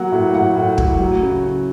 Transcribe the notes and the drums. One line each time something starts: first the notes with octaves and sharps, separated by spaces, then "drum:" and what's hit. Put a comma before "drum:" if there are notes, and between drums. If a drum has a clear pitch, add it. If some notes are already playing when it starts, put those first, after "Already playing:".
Already playing: F#3 A#3 F#5
A2
A2 F#5
A2
A2, drum: kick
F#3
C#3